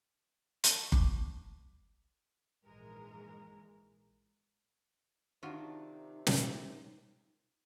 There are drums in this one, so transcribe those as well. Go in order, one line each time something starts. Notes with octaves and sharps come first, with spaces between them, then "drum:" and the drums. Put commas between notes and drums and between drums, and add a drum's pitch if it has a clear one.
A5 C#6 F#6 G6 D#7 E7, drum: hi-hat
D6, drum: kick F#1
A#1 G#2 E3 G#3 A#4
C3 D#3 D4 D#4 F4 F#4
drum: snare